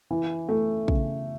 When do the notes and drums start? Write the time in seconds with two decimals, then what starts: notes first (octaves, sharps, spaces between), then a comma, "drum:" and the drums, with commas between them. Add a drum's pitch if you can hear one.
0.11 E3
0.49 A3
0.88 C#3, drum: kick